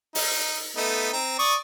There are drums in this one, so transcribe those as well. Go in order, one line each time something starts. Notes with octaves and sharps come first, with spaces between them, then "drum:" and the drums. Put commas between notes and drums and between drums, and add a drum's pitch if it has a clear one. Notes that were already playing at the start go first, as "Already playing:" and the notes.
D#4, drum: open hi-hat
A3 B3 D#4
C4 A#5
D5 C#6 D#6